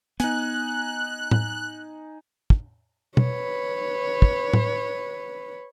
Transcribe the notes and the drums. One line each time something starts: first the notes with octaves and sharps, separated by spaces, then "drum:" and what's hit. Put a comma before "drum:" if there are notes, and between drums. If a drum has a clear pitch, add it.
B3 D#4 G#5 F#6, drum: hi-hat
drum: tom A2
drum: kick
B4 C#5, drum: tom B2
drum: kick
drum: tom A2